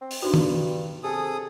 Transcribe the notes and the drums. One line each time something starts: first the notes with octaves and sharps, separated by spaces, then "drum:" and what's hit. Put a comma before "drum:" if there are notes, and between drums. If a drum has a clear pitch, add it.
C4
drum: open hi-hat
G2 D4 D#4 F#4
drum: tom D#3
C3 G#4 A4 D#6